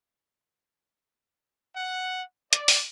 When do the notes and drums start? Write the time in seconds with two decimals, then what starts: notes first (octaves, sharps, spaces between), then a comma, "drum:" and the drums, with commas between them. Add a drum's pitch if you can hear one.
1.76 F#5
2.53 D5, drum: hi-hat
2.68 drum: open hi-hat